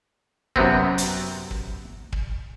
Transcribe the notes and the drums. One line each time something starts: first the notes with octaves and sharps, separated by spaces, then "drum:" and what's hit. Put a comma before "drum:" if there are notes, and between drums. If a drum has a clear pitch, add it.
F#2 C3 B3 C4, drum: kick
drum: hi-hat
drum: kick
drum: kick